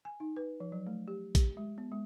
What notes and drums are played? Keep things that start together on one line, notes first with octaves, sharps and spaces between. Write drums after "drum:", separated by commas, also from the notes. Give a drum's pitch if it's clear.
G#5
D#4
B4
F3
F#3
A3
G4
G4, drum: kick A#1, hi-hat
G#3
B3
G#3